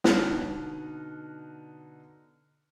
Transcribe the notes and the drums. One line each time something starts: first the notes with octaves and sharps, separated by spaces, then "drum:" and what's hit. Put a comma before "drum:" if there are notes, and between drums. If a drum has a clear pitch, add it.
B2 D3 D#4 F6 F#6 A#6, drum: snare